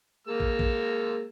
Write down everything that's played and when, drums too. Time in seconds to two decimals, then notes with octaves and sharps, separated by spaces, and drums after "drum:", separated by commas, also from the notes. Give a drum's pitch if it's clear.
0.27 G#3 A#3 E6
0.40 drum: kick
0.59 drum: kick